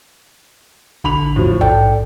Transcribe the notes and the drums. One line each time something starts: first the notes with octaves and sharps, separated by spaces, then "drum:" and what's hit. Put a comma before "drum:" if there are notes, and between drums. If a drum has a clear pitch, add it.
A1 D3 B5 F7
E2 A2 F3
G#2 A4 D5 G5, drum: tom A#1